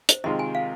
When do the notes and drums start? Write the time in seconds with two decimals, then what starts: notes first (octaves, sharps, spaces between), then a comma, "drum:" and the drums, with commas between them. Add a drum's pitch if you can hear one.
0.09 C5, drum: hi-hat
0.24 C3 D#3 G#3 F4 D#5
0.39 G#5
0.55 F5